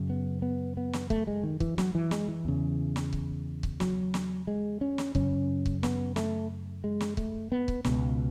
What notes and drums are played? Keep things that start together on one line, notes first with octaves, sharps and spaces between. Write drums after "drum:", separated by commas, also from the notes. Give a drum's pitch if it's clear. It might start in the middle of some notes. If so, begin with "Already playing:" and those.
Already playing: F#2 C#3
B3
B3
B3
drum: snare
A3, drum: kick C#1
G#3
D#3
E3, drum: kick C#1
F#3, drum: snare
E3
G#3, drum: snare
E3
E2 C#3
drum: snare
drum: kick C#1
drum: kick C#1
F#3, drum: snare
drum: snare
G#3
C#4
drum: snare
F#2 C#3 C#4, drum: kick C#1
drum: kick C#1
B3, drum: snare
A3, drum: snare
G#3
drum: snare
A3, drum: kick C#1
B3
drum: kick C#1
C#2 B2 B3, drum: snare